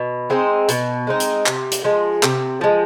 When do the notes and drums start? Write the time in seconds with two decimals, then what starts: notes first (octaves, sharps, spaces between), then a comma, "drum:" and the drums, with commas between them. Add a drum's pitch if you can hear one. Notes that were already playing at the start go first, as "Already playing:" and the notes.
Already playing: B2
0.30 G#3 C4 D#4
0.68 B2, drum: hi-hat
1.07 G#3 C4 D#4
1.20 drum: hi-hat
1.46 C3, drum: clap
1.71 drum: hi-hat
1.84 F3 G#3
2.23 C3, drum: clap
2.61 F3 G#3